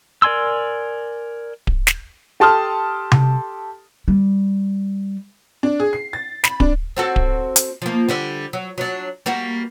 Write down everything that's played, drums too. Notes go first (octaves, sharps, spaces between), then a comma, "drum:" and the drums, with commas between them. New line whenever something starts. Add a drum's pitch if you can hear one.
A#4 D5 G#5 C6 E6
drum: kick D1
drum: snare
G4 A4 A5 C6 D#6 F6
drum: tom C3
G3
D4
G#4
C7
A6
B5, drum: snare
D4, drum: kick D1
C4 F#4 A4
drum: kick D1
drum: hi-hat
F3 A#3
D3 G3 D5
F#3
F#3 D4
G3 A#3 F#4